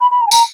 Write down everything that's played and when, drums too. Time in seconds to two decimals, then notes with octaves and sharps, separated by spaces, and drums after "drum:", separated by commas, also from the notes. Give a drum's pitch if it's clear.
0.01 B5
0.11 B5
0.21 A#5
0.27 G#5
0.31 A#5, drum: tambourine